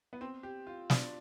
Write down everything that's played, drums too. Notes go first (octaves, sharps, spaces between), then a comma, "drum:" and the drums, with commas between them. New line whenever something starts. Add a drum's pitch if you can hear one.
B3
C4
G4
F4
D4, drum: snare